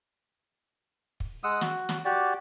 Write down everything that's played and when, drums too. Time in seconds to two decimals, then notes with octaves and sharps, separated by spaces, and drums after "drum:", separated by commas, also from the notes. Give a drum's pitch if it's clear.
1.20 drum: kick
1.44 G#3 F#5 D#6 E6
1.61 F#4, drum: snare
1.89 drum: snare
2.05 F#4 G4 D5